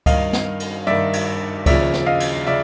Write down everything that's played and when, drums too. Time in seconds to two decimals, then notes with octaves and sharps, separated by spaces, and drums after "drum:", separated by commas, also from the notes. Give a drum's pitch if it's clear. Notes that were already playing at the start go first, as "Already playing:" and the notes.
0.06 G2 D#3 D#5 F5, drum: kick C#2, cymbal
0.33 drum: snare
0.60 drum: cymbal
0.87 G2 D#3 D5 E5
1.13 drum: cymbal
1.66 D#2 C#3 F3 D5 E5, drum: kick C#2, cymbal
1.93 drum: snare
2.06 D#5 F5
2.20 drum: cymbal
2.47 C#3 F3 D5 E5